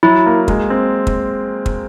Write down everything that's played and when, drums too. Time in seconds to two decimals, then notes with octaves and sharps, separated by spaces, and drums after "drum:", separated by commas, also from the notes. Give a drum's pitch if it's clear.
0.03 F#3 E4
0.26 A#3
0.48 G#3, drum: kick
0.70 C4
1.07 drum: kick
1.66 drum: kick